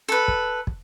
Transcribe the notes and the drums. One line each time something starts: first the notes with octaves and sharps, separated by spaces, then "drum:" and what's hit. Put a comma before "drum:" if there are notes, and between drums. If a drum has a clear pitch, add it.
A4 B4
drum: kick
drum: kick